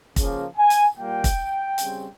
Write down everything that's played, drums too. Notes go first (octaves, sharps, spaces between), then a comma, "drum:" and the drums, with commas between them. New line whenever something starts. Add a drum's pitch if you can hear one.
C#3 F3 A#3, drum: kick, hi-hat
G#5
drum: hi-hat
A#2 G3 A#3 G5
drum: kick, hi-hat
C#3 G3 C4, drum: hi-hat